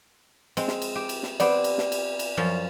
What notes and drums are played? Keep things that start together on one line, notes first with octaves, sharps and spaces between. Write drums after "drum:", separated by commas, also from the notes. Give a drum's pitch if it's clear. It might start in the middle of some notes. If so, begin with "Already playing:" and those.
G#3 C4, drum: cymbal
drum: snare
drum: cymbal
G4
drum: cymbal
drum: snare
B3 C4 G4 D5, drum: cymbal
drum: cymbal
drum: snare
drum: cymbal
drum: cymbal
F#2 F3 C#4